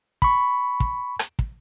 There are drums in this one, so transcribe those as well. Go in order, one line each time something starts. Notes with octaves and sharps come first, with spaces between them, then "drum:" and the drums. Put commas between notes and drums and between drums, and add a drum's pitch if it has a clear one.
B5 C#6, drum: kick
drum: kick
drum: rim click
drum: kick